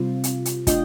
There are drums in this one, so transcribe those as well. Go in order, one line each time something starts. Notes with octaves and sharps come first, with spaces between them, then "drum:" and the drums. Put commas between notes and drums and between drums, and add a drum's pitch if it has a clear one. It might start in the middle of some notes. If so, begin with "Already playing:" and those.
Already playing: C3 G3 C4 F4
drum: hi-hat
drum: hi-hat
A3 D4 F4 D#5 G5, drum: kick, hi-hat